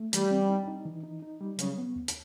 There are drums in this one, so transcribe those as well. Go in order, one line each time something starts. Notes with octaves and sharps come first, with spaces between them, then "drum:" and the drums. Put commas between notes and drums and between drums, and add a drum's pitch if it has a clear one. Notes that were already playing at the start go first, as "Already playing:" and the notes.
Already playing: A3
E3 G3, drum: hi-hat
C4
D#4
D#4
E3
D#4
D#4
G3
C#3 F#3, drum: hi-hat
B3
D2
drum: hi-hat